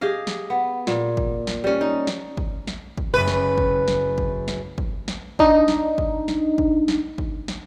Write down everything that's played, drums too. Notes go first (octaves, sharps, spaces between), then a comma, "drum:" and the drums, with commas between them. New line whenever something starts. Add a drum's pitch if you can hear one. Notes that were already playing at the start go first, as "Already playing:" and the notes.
G4 G#4 D#5 F5
drum: snare
B3
A#2, drum: snare
drum: kick
drum: snare
G3 C#4
D#4
drum: snare
drum: kick
drum: snare
drum: kick
F#1 F#2 B4
drum: snare
drum: kick
drum: snare
drum: kick
drum: snare
drum: kick
drum: snare
D4 D#4, drum: kick
drum: snare
drum: kick
drum: snare
drum: kick
drum: snare
drum: kick
drum: snare